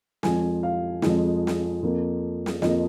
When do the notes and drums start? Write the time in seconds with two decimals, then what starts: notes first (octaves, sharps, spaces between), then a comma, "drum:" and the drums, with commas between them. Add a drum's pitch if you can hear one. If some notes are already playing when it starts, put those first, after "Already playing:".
0.23 F2 F3 G#3 G#5, drum: snare
0.63 F5
1.02 F2 F3 G#3, drum: snare
1.47 drum: snare
1.83 F2 F3 A#3
2.46 drum: snare
2.62 F2 F3 A#3 D#5, drum: snare